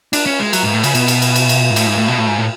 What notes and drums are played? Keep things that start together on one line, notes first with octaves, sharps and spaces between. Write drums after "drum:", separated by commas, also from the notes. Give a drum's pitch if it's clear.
D4, drum: cymbal
C#4
G#3
F#3, drum: cymbal
G#2
A2
C#3, drum: cymbal
B2, drum: cymbal
drum: cymbal
drum: cymbal
drum: cymbal
drum: cymbal
G#2
A2, drum: cymbal
G#2
A2
B2
A2
G#2
A2